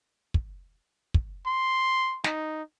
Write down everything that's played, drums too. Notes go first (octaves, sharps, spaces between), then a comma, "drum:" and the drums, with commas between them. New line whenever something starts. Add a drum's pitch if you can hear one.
drum: kick
drum: kick
C6
D#4, drum: snare